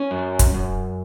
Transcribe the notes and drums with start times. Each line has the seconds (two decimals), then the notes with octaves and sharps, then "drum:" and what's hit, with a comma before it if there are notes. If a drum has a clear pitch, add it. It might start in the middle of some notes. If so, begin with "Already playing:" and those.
Already playing: C#4
0.11 F#2
0.39 drum: kick, hi-hat
0.54 F#2